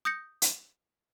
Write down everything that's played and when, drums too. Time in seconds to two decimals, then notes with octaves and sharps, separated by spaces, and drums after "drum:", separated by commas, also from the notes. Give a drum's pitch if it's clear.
0.05 D#6 G6 A#6 C#7
0.42 drum: hi-hat